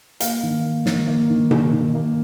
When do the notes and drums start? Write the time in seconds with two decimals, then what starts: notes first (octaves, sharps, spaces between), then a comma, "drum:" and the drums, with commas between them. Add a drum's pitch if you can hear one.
0.20 A#3 F5, drum: hi-hat
0.43 D#3
0.64 A#3
0.86 D#3, drum: snare
1.07 A#3
1.30 D#3
1.51 D#3, drum: tom B2
1.73 D#3
1.95 A#3